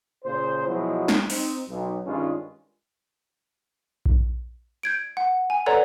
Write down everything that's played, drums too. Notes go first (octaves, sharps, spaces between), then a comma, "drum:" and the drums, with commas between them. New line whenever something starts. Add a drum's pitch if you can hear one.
A#2 C#3 C5
B2 F3 F#3 G#3 E4
drum: snare
C4 D#4, drum: open hi-hat
B1
G2 D#3 G#3 C#4 F4
drum: kick A#1
G6 G#6 D7
F#5
G#5
A4 B4 C#5 D5 F#5 A#5